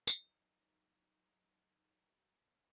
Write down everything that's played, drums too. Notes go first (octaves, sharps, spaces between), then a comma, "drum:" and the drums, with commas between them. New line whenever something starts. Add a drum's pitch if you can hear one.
F#3 D#4, drum: tambourine